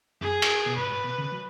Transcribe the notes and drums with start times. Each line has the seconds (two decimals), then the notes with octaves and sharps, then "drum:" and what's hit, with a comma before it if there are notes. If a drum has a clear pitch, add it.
0.21 F#2 G#4
0.42 drum: cymbal
0.66 B2
0.77 G#2 B4
0.90 G#2
1.04 B2
1.18 C#3
1.32 F#3